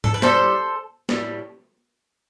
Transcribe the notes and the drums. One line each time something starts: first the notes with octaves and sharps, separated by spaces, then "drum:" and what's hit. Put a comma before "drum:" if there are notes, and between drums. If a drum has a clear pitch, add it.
A4, drum: tom G#2
B4
A2 G3 A4 C5, drum: snare
A2 G3, drum: snare